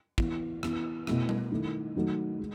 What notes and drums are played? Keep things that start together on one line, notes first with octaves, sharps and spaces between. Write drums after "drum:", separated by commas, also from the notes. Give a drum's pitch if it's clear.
E3 B3 E4, drum: kick
E3 B3 E4, drum: rim click
B2 A3 E4, drum: rim click
drum: tom G3
D#3 A3 E4
D#3 F#3 A3 D#4
G#3